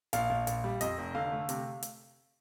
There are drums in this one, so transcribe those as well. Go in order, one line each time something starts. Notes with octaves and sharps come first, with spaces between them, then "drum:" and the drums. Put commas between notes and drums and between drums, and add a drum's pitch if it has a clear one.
A#1 F5, drum: hi-hat
A#1
A#1, drum: hi-hat
G3
F2 D#5, drum: hi-hat
F1
D3 F5
A3
C3, drum: hi-hat
drum: hi-hat